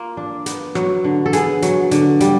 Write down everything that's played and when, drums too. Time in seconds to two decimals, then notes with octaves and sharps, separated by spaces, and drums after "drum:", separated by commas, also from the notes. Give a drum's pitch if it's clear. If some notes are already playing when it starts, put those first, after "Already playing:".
Already playing: A#3 F4
0.17 D4
0.46 B3, drum: hi-hat
0.75 F#3, drum: rim click
1.04 D3
1.26 A4
1.33 B3 G#4, drum: hi-hat
1.62 F#3, drum: hi-hat
1.91 D3, drum: hi-hat
2.20 G3, drum: hi-hat